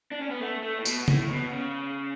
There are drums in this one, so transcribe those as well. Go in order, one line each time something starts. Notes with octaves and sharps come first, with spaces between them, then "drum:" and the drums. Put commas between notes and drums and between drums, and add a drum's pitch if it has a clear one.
D4
C#4
B3
A3
A3
A2
B2, drum: tambourine
A2, drum: tom C#3
B2
C#3